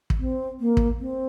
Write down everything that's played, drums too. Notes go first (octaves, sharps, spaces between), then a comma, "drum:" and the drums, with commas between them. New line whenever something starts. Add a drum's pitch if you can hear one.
drum: kick
C4
A#3
drum: kick
C4